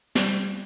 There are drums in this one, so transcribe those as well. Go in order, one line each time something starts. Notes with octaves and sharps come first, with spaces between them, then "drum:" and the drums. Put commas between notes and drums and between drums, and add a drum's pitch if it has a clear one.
G3, drum: snare